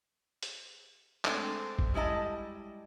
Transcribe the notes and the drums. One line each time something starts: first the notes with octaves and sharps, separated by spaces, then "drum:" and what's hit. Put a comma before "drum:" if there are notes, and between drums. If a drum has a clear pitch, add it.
drum: hi-hat
G#3 A3 C4 D4, drum: clap
drum: kick
G3 G#3 E4 D#5 A5